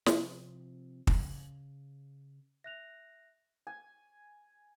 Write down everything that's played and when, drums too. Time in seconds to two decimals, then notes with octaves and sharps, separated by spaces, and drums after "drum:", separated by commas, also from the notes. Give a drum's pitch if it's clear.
0.06 C3 F3 C4, drum: snare
1.07 C#3, drum: kick
2.64 E5 F#6 A#6 F7
3.67 G#5